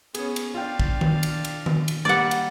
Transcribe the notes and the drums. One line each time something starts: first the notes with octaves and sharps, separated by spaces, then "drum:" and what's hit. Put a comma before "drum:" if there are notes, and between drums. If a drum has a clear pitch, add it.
B3 C#4 G#4, drum: cymbal
drum: cymbal
D4 F4 F5 G5
drum: kick
drum: tom D#3
drum: cymbal
drum: cymbal
drum: tom D#3
drum: cymbal
G3 A#3 D5 F#5
drum: cymbal